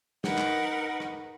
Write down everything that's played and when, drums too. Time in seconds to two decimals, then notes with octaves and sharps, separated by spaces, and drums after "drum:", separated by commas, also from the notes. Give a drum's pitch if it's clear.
0.24 D#4 A#4 B4 F#5, drum: snare
0.38 drum: clap
1.00 drum: rim click